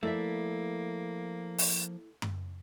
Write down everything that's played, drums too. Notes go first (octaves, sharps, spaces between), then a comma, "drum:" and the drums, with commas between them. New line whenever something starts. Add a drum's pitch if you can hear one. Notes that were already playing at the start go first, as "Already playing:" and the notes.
F3 A3 A#3 E4 D5 E5
drum: open hi-hat
drum: tom F#2